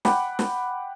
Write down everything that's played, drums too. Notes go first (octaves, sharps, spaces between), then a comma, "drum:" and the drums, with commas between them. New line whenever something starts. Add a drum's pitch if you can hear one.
F#5 G5 B5 D6, drum: snare
drum: snare